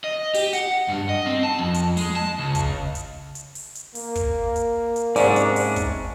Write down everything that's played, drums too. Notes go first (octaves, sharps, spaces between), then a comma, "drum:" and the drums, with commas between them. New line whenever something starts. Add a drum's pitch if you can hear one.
D#5
G4, drum: open hi-hat
F#5, drum: hi-hat
G2
D#5
C4
A5
F2
drum: hi-hat
G#3, drum: open hi-hat
A5
C#2
drum: kick, hi-hat
drum: hi-hat
drum: hi-hat
drum: open hi-hat
drum: hi-hat
A#3, drum: open hi-hat
drum: kick, hi-hat
drum: hi-hat
drum: hi-hat
G#2 C3 C#4 D4 D5, drum: open hi-hat
drum: hi-hat
drum: open hi-hat
drum: kick, hi-hat